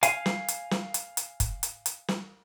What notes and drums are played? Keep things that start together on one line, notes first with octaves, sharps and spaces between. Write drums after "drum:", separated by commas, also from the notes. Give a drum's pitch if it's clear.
F5 G#5, drum: hi-hat
drum: snare
drum: hi-hat
drum: snare
drum: hi-hat
drum: hi-hat
drum: kick, hi-hat
drum: hi-hat
drum: hi-hat
drum: snare